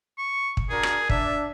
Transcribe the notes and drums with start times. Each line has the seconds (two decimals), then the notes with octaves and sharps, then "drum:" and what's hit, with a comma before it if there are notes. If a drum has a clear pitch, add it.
0.18 C#6
0.57 drum: kick
0.69 D4 F#4 G#4 A#4
0.83 drum: rim click
1.10 D4 E5, drum: kick